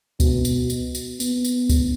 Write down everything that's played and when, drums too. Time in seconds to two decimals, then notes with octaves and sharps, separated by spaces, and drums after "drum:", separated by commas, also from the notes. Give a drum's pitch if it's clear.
0.20 B2, drum: kick C#2, tambourine
0.45 drum: tambourine
0.70 drum: tambourine
0.95 drum: tambourine
1.20 B3, drum: tambourine
1.45 drum: tambourine
1.69 drum: kick C#2, tambourine